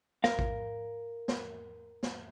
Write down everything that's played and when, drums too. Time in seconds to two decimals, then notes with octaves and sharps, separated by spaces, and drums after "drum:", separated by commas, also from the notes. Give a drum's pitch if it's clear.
0.24 A#4 F5, drum: snare
0.39 drum: kick A1
1.28 drum: snare
2.03 drum: snare